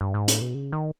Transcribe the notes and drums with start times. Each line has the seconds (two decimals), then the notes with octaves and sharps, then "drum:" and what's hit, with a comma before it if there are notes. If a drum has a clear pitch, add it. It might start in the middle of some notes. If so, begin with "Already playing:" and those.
0.01 G2
0.14 G#2
0.28 A2, drum: hi-hat
0.41 B2
0.54 C#3
0.72 D#3